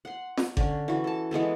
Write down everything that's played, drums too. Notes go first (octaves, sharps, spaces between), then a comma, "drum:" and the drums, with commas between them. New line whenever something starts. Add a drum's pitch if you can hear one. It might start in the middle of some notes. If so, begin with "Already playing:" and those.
F#5 C6
drum: snare
D3 C#4, drum: kick G#1
E3 F#4
A4 A5
E3 G#3 B3 A4